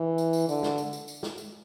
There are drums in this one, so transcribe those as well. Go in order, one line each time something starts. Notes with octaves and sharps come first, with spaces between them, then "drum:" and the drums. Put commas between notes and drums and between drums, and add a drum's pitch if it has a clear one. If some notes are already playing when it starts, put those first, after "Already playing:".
Already playing: E3
drum: tambourine
drum: tambourine
D3, drum: tambourine
drum: snare
drum: tambourine
drum: tambourine
drum: tambourine
drum: snare
drum: tambourine